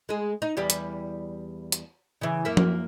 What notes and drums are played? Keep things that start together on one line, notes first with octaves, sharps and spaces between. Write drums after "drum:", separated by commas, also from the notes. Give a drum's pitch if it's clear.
G#3 G#4
D#4
E2 G3 G4
drum: hi-hat
drum: hi-hat
C#3 E3
F#2 A#3 E5
drum: tom F3